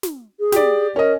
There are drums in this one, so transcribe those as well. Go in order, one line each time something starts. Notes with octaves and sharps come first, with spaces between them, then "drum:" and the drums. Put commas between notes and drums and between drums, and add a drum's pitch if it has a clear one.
drum: snare
G#4
G4 D5, drum: snare
C#4 A#4 D#5